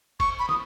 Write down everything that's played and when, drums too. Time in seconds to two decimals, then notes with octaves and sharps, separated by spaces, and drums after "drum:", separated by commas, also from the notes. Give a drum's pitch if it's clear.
0.20 C#6, drum: kick F1, cymbal
0.39 B5
0.49 D#6, drum: snare